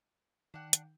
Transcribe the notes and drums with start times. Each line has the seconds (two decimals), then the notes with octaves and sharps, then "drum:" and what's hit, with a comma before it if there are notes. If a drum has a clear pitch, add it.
0.54 D#3 D4 F#5 G5
0.73 drum: hi-hat